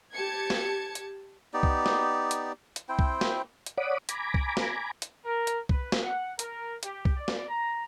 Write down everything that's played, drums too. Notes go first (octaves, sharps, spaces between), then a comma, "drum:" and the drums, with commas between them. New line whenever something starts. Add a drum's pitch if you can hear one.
G4 A5 G#6 C#7
drum: snare
drum: hi-hat
B3 D#4 G4 D5
drum: kick C2
drum: snare
drum: hi-hat
drum: hi-hat
C4 E4 C5 G5
drum: kick C2
drum: snare
drum: hi-hat
C#5 D5 F#5 B5 D6 D#6
G#5 A#5 B5 D6, drum: hi-hat
drum: kick C2
drum: snare
drum: hi-hat
A#4
drum: hi-hat
B4, drum: kick C2
drum: snare
F#5
A#4, drum: hi-hat
G4, drum: hi-hat
drum: kick C2
D5
drum: snare
A#5